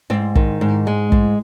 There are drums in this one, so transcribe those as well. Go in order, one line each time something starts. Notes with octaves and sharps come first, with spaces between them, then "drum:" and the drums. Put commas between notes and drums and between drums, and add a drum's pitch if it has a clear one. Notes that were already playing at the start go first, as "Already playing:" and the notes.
G#2 C4
D#3, drum: kick
G#2
G#3
G#2, drum: kick